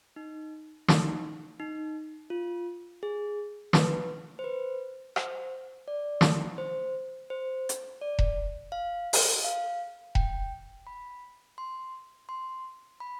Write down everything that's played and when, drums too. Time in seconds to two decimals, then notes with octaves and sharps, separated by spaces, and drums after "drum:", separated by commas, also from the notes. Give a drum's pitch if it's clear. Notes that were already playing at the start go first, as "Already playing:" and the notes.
0.16 D#4
0.88 D#4, drum: snare
1.60 D#4
2.30 F4
3.03 G#4
3.73 B4, drum: snare
4.39 C5
4.44 B4
5.16 C5, drum: rim click
5.88 D5
6.21 drum: snare
6.58 C5
7.30 C5
7.69 drum: hi-hat
8.02 D5
8.19 drum: kick E1
8.72 F5
9.13 drum: open hi-hat
9.44 F5
10.15 G5, drum: kick E1
10.87 B5
11.58 C6
12.29 C6
13.00 B5